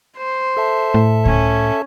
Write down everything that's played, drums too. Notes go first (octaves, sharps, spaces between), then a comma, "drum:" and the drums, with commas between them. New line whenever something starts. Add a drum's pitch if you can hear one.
C5
A4 E5 A5
A2
C#4, drum: kick C#2